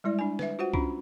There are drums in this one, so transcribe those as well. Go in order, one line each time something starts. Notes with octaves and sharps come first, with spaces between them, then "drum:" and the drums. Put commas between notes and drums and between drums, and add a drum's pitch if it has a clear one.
G3 G#3 E4 D5
D4 G#5
B4 E5, drum: snare
F4 F#4 C5 F#5
C#4 D4 F4 A#5 B5, drum: kick C2